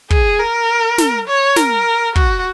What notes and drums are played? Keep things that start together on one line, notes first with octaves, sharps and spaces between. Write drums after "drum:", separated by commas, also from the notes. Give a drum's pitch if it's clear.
G#4, drum: kick
A#4
drum: snare
C#5
A#4, drum: snare
F#4, drum: kick